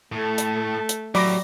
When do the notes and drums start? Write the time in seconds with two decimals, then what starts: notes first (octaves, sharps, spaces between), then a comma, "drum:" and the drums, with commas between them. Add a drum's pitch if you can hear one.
0.12 A2 A3
0.38 drum: hi-hat
0.89 drum: hi-hat
1.15 A2 F#3 G4 D5 B5 D6 A#6, drum: open hi-hat